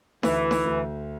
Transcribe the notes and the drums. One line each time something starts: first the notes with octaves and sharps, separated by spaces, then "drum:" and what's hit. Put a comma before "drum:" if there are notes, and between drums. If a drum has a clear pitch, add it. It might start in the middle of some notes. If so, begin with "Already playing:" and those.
D2 E3, drum: snare D#4
drum: snare D#4
D2